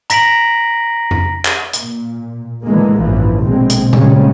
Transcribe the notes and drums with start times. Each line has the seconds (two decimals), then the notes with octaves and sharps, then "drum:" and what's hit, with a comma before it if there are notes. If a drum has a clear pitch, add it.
0.10 A#5 A#6 B6 D7 F#7, drum: hi-hat
1.11 drum: tom F2
1.45 drum: clap
1.73 A#2, drum: hi-hat
2.65 A2 D3 E3 G#3 A#3
3.01 A1 G2 E3 F3
3.41 A#1 B2 D3 G#3 C4
3.70 drum: hi-hat
3.93 A#2 C#3 F3 G3 G#3 C#4, drum: tom A#2